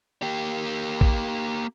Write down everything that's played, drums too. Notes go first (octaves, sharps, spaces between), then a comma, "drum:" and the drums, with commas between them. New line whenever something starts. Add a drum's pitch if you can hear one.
A#3 G4
drum: kick